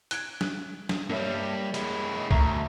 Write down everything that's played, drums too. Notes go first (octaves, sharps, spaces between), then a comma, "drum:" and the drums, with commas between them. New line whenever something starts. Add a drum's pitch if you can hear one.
F#6 G#6 D7, drum: hi-hat
drum: snare
drum: snare
G2 G3 A#3 C#5 E5
G#3 E4, drum: hi-hat
D2 E5 A#5 C#6, drum: kick